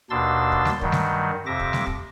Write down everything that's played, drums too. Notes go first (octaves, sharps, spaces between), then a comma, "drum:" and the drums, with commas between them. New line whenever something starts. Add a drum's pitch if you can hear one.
D#2 B2 D4 C6 E6 A6
drum: kick
drum: snare G3
G2 D#3 F#3 G3, drum: kick
drum: snare G3
F2 C3 E5 D6 A#6
drum: kick
drum: snare G3
drum: kick